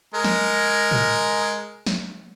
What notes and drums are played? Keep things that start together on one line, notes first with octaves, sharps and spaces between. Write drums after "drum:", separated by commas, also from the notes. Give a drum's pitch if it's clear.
G#3 A#4
drum: snare
drum: tom A2
drum: snare